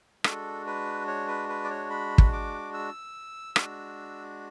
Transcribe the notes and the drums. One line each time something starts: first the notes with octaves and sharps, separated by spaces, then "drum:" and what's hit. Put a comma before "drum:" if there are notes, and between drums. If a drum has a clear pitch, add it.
G#3 D4 F#4 A4, drum: rim click
B4
C#5
B4
B4
D5
C#5
B5
drum: kick
D6
E6
G#3 D4 F#4, drum: rim click